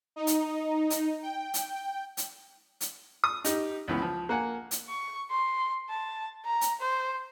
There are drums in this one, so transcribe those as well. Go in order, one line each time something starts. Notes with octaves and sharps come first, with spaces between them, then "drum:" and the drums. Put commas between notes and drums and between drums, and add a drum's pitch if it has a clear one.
D#4
drum: hi-hat
drum: hi-hat
G5
drum: hi-hat
drum: hi-hat
drum: hi-hat
D#6
D#4 G4, drum: hi-hat
C#2 E3 B3
F3
A#3 F#5 G#5
drum: hi-hat
C#6
C6
A5
A#5
drum: hi-hat
C5